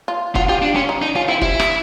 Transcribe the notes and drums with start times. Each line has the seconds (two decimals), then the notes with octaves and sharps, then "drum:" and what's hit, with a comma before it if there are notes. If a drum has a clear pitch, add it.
0.08 F4
0.35 F4 F#4, drum: kick F#1
0.49 F4 G4
0.62 D4
0.75 C#4 F4
0.89 D#4
1.02 D4 D#4
1.16 C#4 F4
1.28 C4 E4
1.41 G3 E4, drum: kick F#1
1.60 drum: rim click